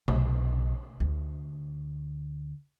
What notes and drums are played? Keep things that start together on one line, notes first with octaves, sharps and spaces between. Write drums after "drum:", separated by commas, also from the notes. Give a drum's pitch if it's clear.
B1, drum: tom C3
D2